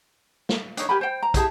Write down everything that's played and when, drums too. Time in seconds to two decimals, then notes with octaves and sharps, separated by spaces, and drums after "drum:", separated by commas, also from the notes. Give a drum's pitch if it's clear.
0.49 drum: snare
0.77 D4 D#4 C#5, drum: hi-hat
0.89 G4 A#4 G#5 B5
1.01 C5 G5
1.23 A#5
1.34 E4 G4 G#4 A5, drum: kick, hi-hat